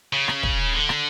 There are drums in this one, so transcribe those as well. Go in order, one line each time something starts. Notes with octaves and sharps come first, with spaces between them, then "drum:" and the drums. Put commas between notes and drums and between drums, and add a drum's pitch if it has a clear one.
C#3
drum: rim click
drum: kick
D3
drum: rim click